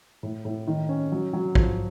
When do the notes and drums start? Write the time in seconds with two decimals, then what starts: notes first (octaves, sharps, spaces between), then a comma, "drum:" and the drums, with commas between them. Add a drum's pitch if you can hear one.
0.23 A2
0.45 A2
0.67 D#3
0.89 C#4
1.12 F#3
1.33 F#3
1.55 F3, drum: kick A#1